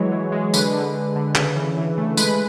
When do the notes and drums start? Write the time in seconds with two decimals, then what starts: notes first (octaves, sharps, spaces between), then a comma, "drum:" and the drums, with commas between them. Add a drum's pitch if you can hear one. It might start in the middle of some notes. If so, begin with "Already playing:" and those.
Already playing: E3 F#3 G#3 C#5
0.12 E3
0.32 G#3
0.54 D3 B4, drum: tambourine
0.74 D3
0.95 D3
1.16 D3
1.35 C#3, drum: clap
1.56 E3
1.77 E3
1.98 A3
2.17 G#3 B4, drum: tambourine